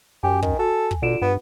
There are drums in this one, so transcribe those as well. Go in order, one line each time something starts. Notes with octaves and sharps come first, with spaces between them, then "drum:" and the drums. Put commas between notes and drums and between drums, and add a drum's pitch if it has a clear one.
F#2 G4 G#5
D#3, drum: kick
F#4 A4
drum: kick
B2 D3 F4 D7 E7
G2 B3